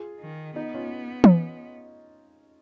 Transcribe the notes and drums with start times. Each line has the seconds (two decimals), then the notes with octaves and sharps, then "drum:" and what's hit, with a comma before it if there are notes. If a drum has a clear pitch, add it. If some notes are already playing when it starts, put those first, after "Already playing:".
Already playing: F4 G#4
0.20 D#3
0.55 B3 D#4
0.74 C#4 F4
1.24 drum: tom E3